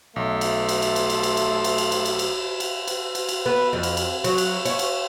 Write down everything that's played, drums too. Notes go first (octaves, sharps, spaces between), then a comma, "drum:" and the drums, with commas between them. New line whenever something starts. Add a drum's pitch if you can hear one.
B1 A3 E5 A5 C6
drum: cymbal
drum: cymbal
drum: cymbal
drum: cymbal
drum: cymbal
drum: cymbal
drum: cymbal
drum: cymbal
drum: cymbal
drum: cymbal
drum: cymbal
drum: cymbal
drum: cymbal
drum: cymbal
drum: cymbal
drum: cymbal
B3
F2
drum: cymbal
drum: cymbal
F#3, drum: cymbal
drum: cymbal
C#5, drum: cymbal
drum: cymbal